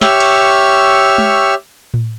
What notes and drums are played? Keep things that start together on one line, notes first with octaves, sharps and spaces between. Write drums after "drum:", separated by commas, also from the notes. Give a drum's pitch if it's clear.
G4 C#5 E5 C#6 E6 F6, drum: snare
drum: cymbal
drum: tom G#3
drum: tom A2